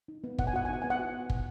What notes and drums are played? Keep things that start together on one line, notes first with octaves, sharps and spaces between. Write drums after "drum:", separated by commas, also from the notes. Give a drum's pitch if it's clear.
D#4
B3
B3 F#5, drum: kick
G#5
F#4 F#5
G#5
D#4 F#5
B3 G#5
F#5
F#4
drum: kick